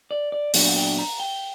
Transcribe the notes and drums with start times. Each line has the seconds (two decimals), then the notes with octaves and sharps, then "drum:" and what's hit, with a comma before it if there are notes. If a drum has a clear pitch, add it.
0.11 D5
0.32 D5
0.54 A#2 F#3 B3 D4 C#5, drum: open hi-hat
0.68 F#5
0.76 G5
0.98 A#5
1.20 G5